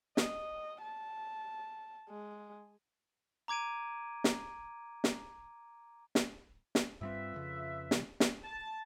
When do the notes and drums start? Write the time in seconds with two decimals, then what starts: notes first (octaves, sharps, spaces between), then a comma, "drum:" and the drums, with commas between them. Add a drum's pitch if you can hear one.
0.17 D#5, drum: snare
0.81 A5
2.09 G#3
3.48 A#5 D6 G#6 D7 D#7
4.24 drum: snare
5.04 drum: snare
6.15 drum: snare
6.75 drum: snare
7.01 G2 G3 C4 F4 B4 E5
7.34 F2 C#3
7.91 C3 E3 G3, drum: snare
8.20 drum: snare
8.44 A5